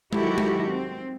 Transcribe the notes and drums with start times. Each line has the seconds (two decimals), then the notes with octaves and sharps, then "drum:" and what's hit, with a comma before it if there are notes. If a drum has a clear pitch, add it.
0.13 D#3 F#3 E4 F#4 G4 A4, drum: tom G#3
0.38 drum: tom G#3
0.69 C4